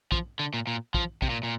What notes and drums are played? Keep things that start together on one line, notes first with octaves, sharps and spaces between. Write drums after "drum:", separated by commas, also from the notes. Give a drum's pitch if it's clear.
F3, drum: kick
D3
A#2
A#2
F3, drum: kick
C3, drum: kick
A#2
A#2